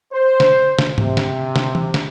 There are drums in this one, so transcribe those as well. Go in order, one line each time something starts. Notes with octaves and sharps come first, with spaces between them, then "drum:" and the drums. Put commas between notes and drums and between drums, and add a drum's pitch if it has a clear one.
C5
drum: snare
drum: snare
C3, drum: tom G#2
drum: snare
drum: snare
drum: tom E3
drum: snare